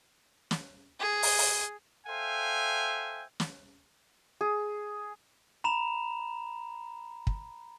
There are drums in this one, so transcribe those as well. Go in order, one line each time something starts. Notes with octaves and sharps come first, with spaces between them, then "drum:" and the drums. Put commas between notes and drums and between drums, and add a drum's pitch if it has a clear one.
drum: snare
G#4
drum: open hi-hat
drum: open hi-hat
A4 C5 E5 F5 G5 G#5
drum: snare
G#4
A#5 B5 E7 F7
drum: kick